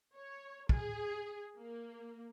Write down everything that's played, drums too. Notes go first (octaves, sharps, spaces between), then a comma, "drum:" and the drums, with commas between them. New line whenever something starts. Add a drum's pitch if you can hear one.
C#5
G#4, drum: kick
A#3